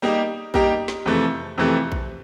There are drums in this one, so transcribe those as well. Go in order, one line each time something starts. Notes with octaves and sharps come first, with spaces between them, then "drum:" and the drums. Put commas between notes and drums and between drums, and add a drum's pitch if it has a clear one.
G3 A#3 D#4 G4
G3 A#3 D#4 G4, drum: kick A#1
drum: snare
F2 C3 E3 A3
F2 C3 E3 A3
drum: kick A#1